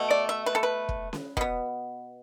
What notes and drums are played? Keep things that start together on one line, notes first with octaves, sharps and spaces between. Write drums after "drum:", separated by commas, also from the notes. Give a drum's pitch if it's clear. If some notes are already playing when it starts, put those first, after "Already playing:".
Already playing: B2 A3
D5
E5
B4
A4
B4
drum: kick
drum: snare C#4
B2 B3, drum: kick